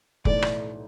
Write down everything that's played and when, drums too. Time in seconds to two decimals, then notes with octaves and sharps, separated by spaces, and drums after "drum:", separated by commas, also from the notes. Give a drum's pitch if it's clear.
0.25 B1 A2 E3 A3 D5, drum: kick F1
0.42 drum: rim click